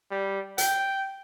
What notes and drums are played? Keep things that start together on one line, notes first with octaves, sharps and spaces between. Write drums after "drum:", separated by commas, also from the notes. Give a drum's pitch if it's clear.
G3
G5, drum: hi-hat